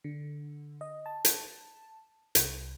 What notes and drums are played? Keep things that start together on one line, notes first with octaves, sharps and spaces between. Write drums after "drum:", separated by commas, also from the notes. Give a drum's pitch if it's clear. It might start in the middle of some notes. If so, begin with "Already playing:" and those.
D3
D#5
A5
drum: hi-hat
C2, drum: hi-hat